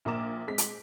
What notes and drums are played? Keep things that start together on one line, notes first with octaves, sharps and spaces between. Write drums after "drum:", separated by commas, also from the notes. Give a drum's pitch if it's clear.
A#1 A#2 A#3 A#5 D6 E7
G#3 C4 B6
drum: hi-hat